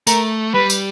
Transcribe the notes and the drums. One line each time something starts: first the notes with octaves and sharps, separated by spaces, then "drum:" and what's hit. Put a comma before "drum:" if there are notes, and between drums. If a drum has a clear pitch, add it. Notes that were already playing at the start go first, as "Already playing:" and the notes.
A3 A#4, drum: tambourine
G3 B4
drum: tambourine